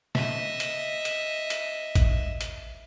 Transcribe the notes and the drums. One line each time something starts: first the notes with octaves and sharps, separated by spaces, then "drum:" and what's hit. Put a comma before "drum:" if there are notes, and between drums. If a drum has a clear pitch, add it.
D#5 E5, drum: snare
drum: hi-hat
drum: hi-hat
drum: hi-hat
drum: kick, hi-hat
drum: hi-hat